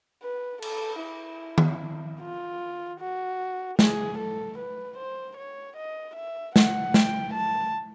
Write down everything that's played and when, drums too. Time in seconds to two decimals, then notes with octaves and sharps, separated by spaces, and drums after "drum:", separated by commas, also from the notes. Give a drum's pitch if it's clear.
0.23 B4
0.62 A4, drum: cymbal
1.03 E4
1.58 drum: tom D#3
2.21 F4
3.00 F#4
3.79 G#4, drum: snare
4.18 A4
4.58 B4
4.97 C5
5.37 C#5
5.76 D#5
6.16 E5
6.56 F#5, drum: snare
6.94 G5, drum: snare
7.34 A5